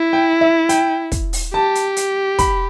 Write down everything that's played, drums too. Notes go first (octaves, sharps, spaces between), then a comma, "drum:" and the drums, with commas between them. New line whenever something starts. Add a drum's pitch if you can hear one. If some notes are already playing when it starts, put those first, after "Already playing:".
Already playing: E4
G5
E5
G5, drum: hi-hat
drum: kick, hi-hat
drum: open hi-hat
G4 A5
drum: hi-hat
drum: hi-hat
B5, drum: kick, hi-hat